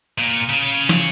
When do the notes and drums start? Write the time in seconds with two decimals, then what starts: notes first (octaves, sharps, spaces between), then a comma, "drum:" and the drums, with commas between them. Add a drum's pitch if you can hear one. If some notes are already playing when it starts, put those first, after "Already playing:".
0.19 A#2
0.49 C#3, drum: hi-hat
0.89 drum: snare